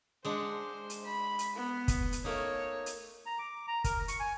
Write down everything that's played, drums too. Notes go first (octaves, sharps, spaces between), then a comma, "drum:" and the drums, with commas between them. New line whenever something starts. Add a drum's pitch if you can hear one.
G#3 D4 C5 F#5
drum: hi-hat
B5
drum: hi-hat
B3
drum: kick, hi-hat
drum: hi-hat
A3 A#3 D#4 C#5
drum: hi-hat
A#5
D6
A#5
A#4, drum: kick, hi-hat
C#6, drum: hi-hat
G#5